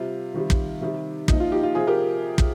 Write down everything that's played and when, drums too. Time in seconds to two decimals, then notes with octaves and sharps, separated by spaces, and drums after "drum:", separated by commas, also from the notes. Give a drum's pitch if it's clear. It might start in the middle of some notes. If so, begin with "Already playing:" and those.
Already playing: C3 G3 F4
0.34 C3 D#3 G3
0.50 drum: kick
0.81 C3 D#3 G3
1.28 A#2 F3 D#4, drum: kick
1.40 F4
1.52 D#4 G4
1.63 F4
1.75 C3 F3 F4 G#4
1.87 G4 A#4
2.38 drum: kick